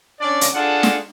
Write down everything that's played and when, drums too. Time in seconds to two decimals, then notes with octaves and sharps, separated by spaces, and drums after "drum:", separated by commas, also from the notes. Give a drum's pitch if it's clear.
0.20 C#4 D4 D5
0.41 drum: hi-hat
0.54 D4 F4 G#4 A4 F#5
0.83 drum: snare